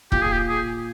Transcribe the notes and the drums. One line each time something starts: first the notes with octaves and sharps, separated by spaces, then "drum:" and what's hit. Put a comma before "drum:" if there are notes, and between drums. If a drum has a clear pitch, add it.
A#2 G4, drum: kick E1
G#4
G4
G#4